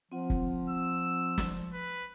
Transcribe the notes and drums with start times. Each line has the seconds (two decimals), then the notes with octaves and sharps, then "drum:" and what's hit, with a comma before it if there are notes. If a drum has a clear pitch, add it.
0.12 F3 C4 F4 F#5
0.30 drum: kick
0.70 E6
1.38 drum: snare
1.74 B4